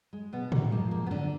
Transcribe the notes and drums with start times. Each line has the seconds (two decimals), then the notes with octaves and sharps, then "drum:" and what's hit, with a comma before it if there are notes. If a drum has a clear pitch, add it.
0.13 G#3
0.33 B2 B3
0.52 A#3, drum: tom A2
0.71 F#2 F3 G#3 A#3
0.91 A#3
1.07 B3
1.11 D3 D4